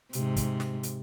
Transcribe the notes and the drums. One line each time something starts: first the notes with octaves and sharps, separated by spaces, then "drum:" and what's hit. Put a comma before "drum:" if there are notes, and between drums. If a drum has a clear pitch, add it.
G#2 C3, drum: hi-hat
drum: kick, hi-hat
drum: snare
drum: hi-hat